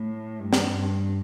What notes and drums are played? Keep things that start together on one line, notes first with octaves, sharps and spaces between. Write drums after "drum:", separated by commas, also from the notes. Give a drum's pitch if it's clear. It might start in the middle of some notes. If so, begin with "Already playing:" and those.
Already playing: A2
G2
drum: snare
G2